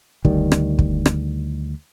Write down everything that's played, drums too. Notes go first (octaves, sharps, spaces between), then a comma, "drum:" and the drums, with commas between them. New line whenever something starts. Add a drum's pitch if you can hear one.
D2 D#3 G3, drum: kick
drum: rim click
drum: kick
drum: rim click